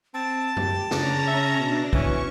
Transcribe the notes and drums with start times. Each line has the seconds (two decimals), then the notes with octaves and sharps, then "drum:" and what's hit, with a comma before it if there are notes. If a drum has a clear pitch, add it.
0.14 C4 A5
0.57 G4, drum: tom F#2
0.91 C#3 C#4 D4 A#5 A#6, drum: snare
1.27 E5
1.59 B2 D4
1.93 B2 E3 C#4 C#6, drum: kick